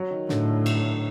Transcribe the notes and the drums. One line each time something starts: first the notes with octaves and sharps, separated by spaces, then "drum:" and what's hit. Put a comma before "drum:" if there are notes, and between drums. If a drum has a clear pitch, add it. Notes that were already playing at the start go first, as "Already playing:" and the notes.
Already playing: F#3
D#3
A2 D3, drum: snare
drum: cymbal